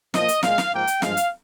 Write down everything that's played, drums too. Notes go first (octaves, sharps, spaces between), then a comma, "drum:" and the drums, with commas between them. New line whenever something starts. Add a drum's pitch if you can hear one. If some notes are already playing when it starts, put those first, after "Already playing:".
A#2 F3 A#3 D#5, drum: snare
drum: hi-hat
A#2 G#3 F5, drum: snare
drum: snare
G#2 F3 A#3 G5
drum: hi-hat
G2 F3 G#3 F5, drum: snare
drum: hi-hat